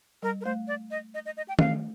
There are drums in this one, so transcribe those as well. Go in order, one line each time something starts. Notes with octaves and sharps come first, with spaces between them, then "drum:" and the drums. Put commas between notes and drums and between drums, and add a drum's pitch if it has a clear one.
G3 A#4
A#4
A3 C5
D5
D#5
D#5
D#5
D#5
G5
A3 F5, drum: tom D#3